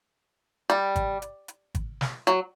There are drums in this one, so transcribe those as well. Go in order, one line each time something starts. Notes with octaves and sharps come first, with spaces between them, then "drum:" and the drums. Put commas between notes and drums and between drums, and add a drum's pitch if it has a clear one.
G3, drum: hi-hat
drum: kick G#1, hi-hat
drum: hi-hat
drum: hi-hat
drum: kick G#1, hi-hat
drum: snare
F#3, drum: hi-hat